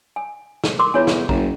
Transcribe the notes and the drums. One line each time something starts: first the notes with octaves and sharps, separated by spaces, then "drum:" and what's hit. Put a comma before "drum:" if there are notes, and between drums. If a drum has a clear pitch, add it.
G#5
drum: snare
A#4 C6 D6
E2 F4 C#5 G#5
drum: snare
F#1 A#5, drum: kick